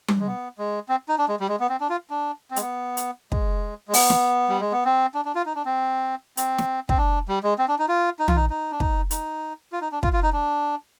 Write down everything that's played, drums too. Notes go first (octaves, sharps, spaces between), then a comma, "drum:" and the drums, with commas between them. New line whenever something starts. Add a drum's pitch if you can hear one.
drum: tom G3
G#3
B3
G#3
C4
D#4
D4
G#3
G3
G#3
B3
C4
D4
F4
D4
C4
G#3, drum: hi-hat
B3
drum: hi-hat
G#3, drum: kick
G#3
B3, drum: open hi-hat
drum: snare
G3
G#3
B3
C4
D4
D4
F4
D#4
D4
C4
C4, drum: hi-hat
drum: snare
C4, drum: kick
D4
G3
G#3
C4
D4
D#4
F4
D#4
F4, drum: tom
D#4
D#4
D4
D#4, drum: kick
D#4, drum: hi-hat
F4
D#4
D4
F4, drum: kick
F4
D#4
D4